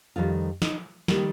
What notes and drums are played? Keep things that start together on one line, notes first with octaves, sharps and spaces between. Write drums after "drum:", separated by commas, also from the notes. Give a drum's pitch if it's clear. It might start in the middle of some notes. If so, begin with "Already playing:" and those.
F2 D#3 G3 F4
D#4, drum: snare
D#3 G3 A#3, drum: snare